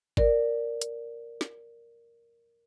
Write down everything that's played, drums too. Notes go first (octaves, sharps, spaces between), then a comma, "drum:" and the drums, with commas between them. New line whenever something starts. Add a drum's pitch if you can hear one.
A#4 D5, drum: kick
drum: hi-hat
drum: snare